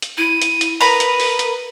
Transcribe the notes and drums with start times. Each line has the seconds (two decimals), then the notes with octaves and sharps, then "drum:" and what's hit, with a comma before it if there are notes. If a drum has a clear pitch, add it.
0.02 drum: hi-hat
0.18 E4 D#7
0.42 drum: hi-hat
0.61 drum: hi-hat
0.81 A#4 B4 A#5 B5 D#6, drum: open hi-hat
1.00 drum: hi-hat
1.20 drum: open hi-hat
1.39 drum: hi-hat